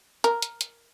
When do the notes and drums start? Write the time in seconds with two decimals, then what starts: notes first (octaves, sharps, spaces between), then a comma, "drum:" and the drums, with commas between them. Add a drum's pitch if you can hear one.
0.24 A#4, drum: hi-hat
0.42 drum: hi-hat
0.61 drum: hi-hat